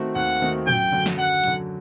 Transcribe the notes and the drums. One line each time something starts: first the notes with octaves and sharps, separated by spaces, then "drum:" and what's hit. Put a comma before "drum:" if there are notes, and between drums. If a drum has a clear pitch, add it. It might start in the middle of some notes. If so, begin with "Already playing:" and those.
Already playing: D#3 A3 C4 F#4
D#2 F#5
D#3 A3 C4 F#4
F#2 G5, drum: tom A2
D3 F#3
drum: snare
F#2 F#5
D3 F#3, drum: hi-hat